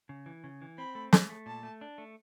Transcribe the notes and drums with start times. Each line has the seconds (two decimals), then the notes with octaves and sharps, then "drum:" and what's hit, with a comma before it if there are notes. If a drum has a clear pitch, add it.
0.09 C#3
0.26 E3
0.44 C#3
0.62 E3
0.78 C4 B5
0.95 A3
1.13 A3, drum: snare
1.29 A3
1.46 A#2 A5
1.63 A3
1.81 D4
1.98 A3